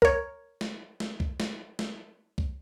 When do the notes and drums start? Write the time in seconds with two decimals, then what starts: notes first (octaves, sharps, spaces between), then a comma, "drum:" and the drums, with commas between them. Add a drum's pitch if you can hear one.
0.02 A#4 C#5, drum: kick C2
0.61 drum: snare
1.00 drum: snare
1.20 drum: kick C2
1.40 drum: snare
1.79 drum: snare
2.38 drum: kick C2